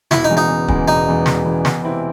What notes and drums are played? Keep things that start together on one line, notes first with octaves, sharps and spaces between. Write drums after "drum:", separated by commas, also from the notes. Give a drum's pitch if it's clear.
E1 E4, drum: snare
D#4
E2 C#3 E3 G#3
D#4
E1
E2 C#3 E3 G#3, drum: kick
E1 D#4
E2 C#3 E3 G#3
E1, drum: snare
E2 C#3 E3 G#3
E2, drum: snare
C3 E3 C4 E4